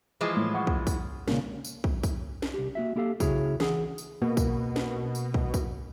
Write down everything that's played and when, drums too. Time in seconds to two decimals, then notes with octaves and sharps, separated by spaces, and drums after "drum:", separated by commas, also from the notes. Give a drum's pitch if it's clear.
0.21 E3 F3 G#3
0.36 A2
0.54 F#5 C#6
0.67 drum: kick
0.87 drum: kick, tambourine
1.28 A#2 C#3, drum: snare
1.65 drum: tambourine
1.84 drum: kick
2.03 drum: kick, tambourine
2.42 drum: snare
2.54 C2 G4
2.75 A#3 F#4 E5
2.96 A#3 E4 G4 A4 F5
3.20 C#3 E4 F#4 G#4 C#5, drum: kick, tambourine
3.60 E3 G#4 F#5, drum: snare
3.98 drum: tambourine
4.22 B2 A#3
4.37 drum: kick, tambourine
4.76 drum: snare
5.15 drum: tambourine
5.34 drum: kick
5.54 drum: kick, tambourine